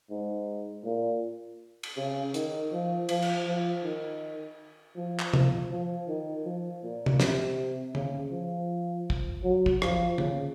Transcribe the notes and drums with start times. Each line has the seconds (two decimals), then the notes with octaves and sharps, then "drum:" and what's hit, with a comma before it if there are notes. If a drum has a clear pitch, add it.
0.10 G#2
0.84 A#2
1.83 drum: cymbal
1.97 C#3
2.34 D#3, drum: hi-hat
2.72 F3
3.09 F3, drum: cymbal
3.22 drum: cymbal
3.47 F3
3.83 D#3
4.96 F3
5.20 drum: clap
5.34 F3, drum: tom
5.70 F3
6.08 D#3
6.45 F3
6.83 A#2
7.06 drum: tom
7.20 C3, drum: snare
7.95 C#3, drum: tom
8.32 F3
9.10 drum: kick
9.44 F#3
9.66 drum: kick
9.82 F3, drum: rim click
10.18 C#3, drum: tom